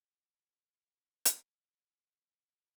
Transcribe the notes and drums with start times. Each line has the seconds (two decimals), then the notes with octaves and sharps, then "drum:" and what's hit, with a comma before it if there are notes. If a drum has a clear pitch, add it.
0.22 F#4 B4 A5
1.26 drum: hi-hat